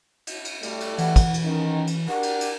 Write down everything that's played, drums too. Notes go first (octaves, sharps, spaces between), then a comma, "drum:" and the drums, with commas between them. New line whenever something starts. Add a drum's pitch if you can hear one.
drum: cymbal
drum: cymbal
A2 G3 A3, drum: cymbal
drum: cymbal
E3 F#5, drum: cymbal
drum: kick, cymbal
drum: cymbal
D#3 C#4
drum: cymbal
D4 G4 A#4 F#5
drum: cymbal
drum: cymbal